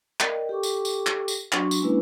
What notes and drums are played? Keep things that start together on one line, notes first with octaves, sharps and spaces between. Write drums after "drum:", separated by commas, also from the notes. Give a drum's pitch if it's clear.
A#4 D5 D#5 G5, drum: clap
G4 A4 G5 C#6 D6
drum: tambourine
drum: tambourine
drum: clap
drum: tambourine
F#3 D4 F#4 C6 C#6, drum: clap
drum: tambourine
G#3 A#3 C#4 D4 E4 B4